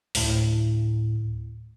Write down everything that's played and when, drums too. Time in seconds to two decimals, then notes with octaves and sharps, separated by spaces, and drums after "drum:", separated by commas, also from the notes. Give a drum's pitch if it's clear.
0.15 D2 A2, drum: open hi-hat